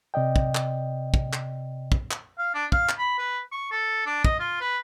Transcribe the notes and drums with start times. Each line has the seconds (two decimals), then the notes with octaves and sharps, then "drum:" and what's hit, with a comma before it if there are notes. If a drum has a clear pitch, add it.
0.14 C3 D5 D#5 G5
0.36 drum: kick
0.55 drum: clap
1.14 drum: kick
1.33 drum: clap
1.92 drum: kick
2.11 drum: clap
2.38 F5
2.54 D4
2.72 F5, drum: kick
2.89 drum: clap
2.98 B5
3.18 B4
3.52 C#6
3.71 A4
4.06 D4
4.25 D#5, drum: kick
4.39 F4
4.61 B4